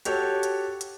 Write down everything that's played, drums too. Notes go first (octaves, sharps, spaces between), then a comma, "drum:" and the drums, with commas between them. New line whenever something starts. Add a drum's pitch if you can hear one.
F#4 G4 A4 C#5, drum: hi-hat
drum: hi-hat
drum: hi-hat